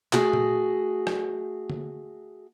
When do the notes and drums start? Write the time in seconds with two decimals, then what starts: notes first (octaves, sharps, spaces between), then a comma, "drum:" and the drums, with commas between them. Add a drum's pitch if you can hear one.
0.13 A3 F#4 G#4, drum: clap
0.33 drum: tom A#2
1.07 drum: rim click
1.70 drum: tom D3